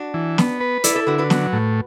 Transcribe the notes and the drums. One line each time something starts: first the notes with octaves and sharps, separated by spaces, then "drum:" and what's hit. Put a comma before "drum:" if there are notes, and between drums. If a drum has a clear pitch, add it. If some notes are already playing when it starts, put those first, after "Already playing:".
Already playing: D4 F#4
E3
B3, drum: snare
B4
E4 A4 D5, drum: hi-hat
A4 D5
D3 F#4 B4
F#4 B4
F#3, drum: snare
A2